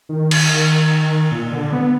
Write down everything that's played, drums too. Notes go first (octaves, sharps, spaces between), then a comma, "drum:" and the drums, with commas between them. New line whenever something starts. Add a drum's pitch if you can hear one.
D#3
drum: cymbal
A#2
D3
B3